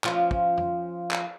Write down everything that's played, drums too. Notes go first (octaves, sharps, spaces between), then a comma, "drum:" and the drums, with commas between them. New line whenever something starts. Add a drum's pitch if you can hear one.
F3 C#4 F4, drum: clap
drum: kick
drum: tom
drum: clap